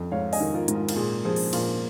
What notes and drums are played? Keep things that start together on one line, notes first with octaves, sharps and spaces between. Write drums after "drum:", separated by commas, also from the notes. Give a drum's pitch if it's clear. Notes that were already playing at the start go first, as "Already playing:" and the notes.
Already playing: F2
G#2 C#5 F5
D#5 G#5, drum: open hi-hat
D#3
F4 A#4
G#2, drum: hi-hat
F4
F4, drum: cymbal
A#2 G#4
F3 G#4
drum: open hi-hat
A#2 F4, drum: cymbal